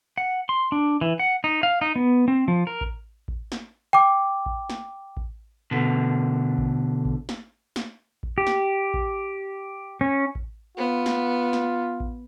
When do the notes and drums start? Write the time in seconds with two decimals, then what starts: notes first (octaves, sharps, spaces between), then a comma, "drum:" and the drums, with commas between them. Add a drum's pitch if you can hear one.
0.18 F#5
0.49 C6
0.72 D4
1.01 E3
1.19 F#5
1.44 D#4
1.63 F5
1.81 D#4
1.96 B3
2.28 C4
2.48 F3
2.67 A#4
2.81 drum: kick A1
3.28 drum: kick A1
3.52 drum: snare
3.93 G5 D6
4.46 drum: kick A1
4.70 drum: snare
5.17 drum: kick A1
5.71 B2 D3
6.58 drum: kick A1
7.05 drum: kick A1
7.29 drum: snare
7.76 drum: snare
8.23 drum: kick A1
8.38 G4
8.47 drum: snare
8.94 drum: kick A1
10.01 C#4
10.35 drum: kick A1
10.77 B3 F4
11.06 drum: snare
11.53 drum: snare
12.00 drum: kick A1